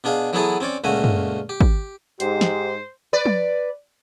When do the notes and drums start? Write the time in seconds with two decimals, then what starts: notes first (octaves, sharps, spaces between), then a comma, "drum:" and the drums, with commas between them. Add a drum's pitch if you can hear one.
0.04 B2 D4 G#4 F5
0.33 E3 F#3 B3 E4 G#4 A4
0.60 C4 C#4 C#5 D5
0.84 C#2 A#2 A3 F#4 G#5
1.04 drum: tom
1.49 G4
1.61 drum: kick
2.20 G#2 G4 C5, drum: hi-hat
2.41 drum: snare
3.13 B4 D5
3.26 drum: tom